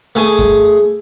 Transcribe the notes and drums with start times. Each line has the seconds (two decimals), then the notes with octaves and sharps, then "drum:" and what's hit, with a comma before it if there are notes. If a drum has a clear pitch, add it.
0.15 A3 G#4 G#5
0.39 drum: kick F#2